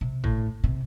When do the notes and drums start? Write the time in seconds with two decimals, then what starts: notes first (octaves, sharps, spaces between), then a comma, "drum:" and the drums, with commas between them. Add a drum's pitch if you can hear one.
0.01 C3
0.24 A2, drum: kick
0.64 C3